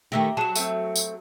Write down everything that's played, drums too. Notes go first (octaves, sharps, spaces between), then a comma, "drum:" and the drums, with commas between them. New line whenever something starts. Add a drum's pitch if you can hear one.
D#3 A3 A#3 G4 E5 A#5
F#3 G#4 A5 E7
A3 C4, drum: tambourine
drum: tambourine